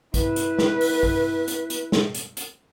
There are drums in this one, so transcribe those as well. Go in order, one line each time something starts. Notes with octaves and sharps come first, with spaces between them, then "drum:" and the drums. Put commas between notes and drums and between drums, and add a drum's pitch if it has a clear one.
E4 B4, drum: kick, hi-hat
drum: hi-hat
drum: snare
drum: open hi-hat
drum: kick
drum: hi-hat
drum: hi-hat
drum: snare
drum: hi-hat
drum: hi-hat